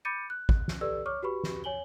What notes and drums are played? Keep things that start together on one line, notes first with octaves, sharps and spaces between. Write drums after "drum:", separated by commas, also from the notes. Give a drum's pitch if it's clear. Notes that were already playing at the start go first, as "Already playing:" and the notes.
B5 D6 G6 A6 C#7 D#7
F#6
drum: kick
drum: snare
G4 A4 B4 D5 E6
C#5 C#6 D6 F6
F#4 G4 B4 B5 C#6
drum: snare
C#5 G#5 F#7 G7